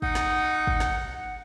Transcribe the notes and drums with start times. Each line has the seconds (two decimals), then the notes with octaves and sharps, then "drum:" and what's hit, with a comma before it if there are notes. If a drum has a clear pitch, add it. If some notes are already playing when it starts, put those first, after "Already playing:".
0.02 D#4 F#5, drum: kick
0.15 drum: snare
0.67 drum: kick
0.80 drum: snare